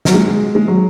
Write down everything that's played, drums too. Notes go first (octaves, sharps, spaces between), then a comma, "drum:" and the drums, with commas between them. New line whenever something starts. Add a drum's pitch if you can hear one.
F#3, drum: snare
G#3
G#3
F#3